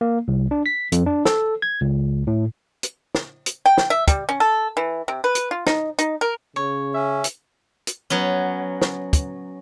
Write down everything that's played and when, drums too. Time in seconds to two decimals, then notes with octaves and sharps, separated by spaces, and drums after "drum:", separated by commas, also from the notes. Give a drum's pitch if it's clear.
0.01 A#3
0.28 C2
0.51 D4
0.66 B6
0.92 F2, drum: hi-hat
1.06 D4
1.25 A4, drum: snare
1.62 G#6
1.81 C#2
2.27 A2
2.83 drum: hi-hat
3.15 drum: snare
3.46 drum: hi-hat
3.66 G5
3.78 drum: snare
3.90 E5
4.08 G3, drum: kick, hi-hat
4.29 C#4
4.40 A4
4.77 E3
5.08 C3
5.24 B4
5.35 drum: hi-hat
5.51 F4
5.67 D#4, drum: snare
5.99 D#4, drum: hi-hat
6.21 A#4
6.56 C#3 C#5
6.94 C#4 E5
7.24 drum: hi-hat
7.87 drum: hi-hat
8.10 F#3 B3 C#4
8.82 drum: snare
9.13 drum: kick, hi-hat